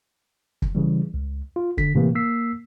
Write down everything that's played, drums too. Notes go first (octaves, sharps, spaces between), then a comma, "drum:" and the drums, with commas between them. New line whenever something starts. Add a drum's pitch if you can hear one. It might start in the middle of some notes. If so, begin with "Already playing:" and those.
drum: kick
C#3 E3 G3
C#2
F4
D3 B6, drum: kick
A2 C3 E3 A#3
A#3 E6 B6 C7